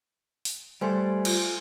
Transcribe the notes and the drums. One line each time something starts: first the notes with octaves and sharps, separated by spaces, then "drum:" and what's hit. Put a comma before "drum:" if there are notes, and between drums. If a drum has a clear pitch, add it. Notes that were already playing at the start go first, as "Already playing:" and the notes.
drum: open hi-hat
G3 A3 C5 G#5 C6
F4, drum: cymbal